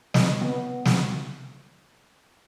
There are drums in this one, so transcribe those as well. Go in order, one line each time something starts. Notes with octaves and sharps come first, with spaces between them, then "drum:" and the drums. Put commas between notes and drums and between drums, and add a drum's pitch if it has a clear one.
D#5, drum: snare
B3
drum: snare